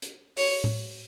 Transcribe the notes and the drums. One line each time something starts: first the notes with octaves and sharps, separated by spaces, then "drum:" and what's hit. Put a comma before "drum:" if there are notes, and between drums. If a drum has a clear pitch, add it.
drum: hi-hat
C#5, drum: open hi-hat
drum: tom A2